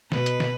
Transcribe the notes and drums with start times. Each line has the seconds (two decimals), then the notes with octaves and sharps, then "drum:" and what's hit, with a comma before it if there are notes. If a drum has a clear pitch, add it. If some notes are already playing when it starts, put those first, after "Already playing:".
0.12 B2 B4, drum: snare
0.26 drum: hi-hat
0.40 drum: snare